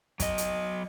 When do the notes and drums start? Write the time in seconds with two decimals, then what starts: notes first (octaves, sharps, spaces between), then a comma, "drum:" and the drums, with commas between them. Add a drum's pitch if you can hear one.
0.20 F#3 D#5, drum: kick, hi-hat
0.38 drum: hi-hat